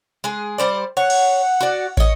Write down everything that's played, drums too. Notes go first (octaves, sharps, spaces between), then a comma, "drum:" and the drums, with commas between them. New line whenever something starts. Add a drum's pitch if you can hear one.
G#3 G#4
G3 C5 D5
C#5 F#5
drum: cymbal
F#4 D5
C#5 D#5, drum: kick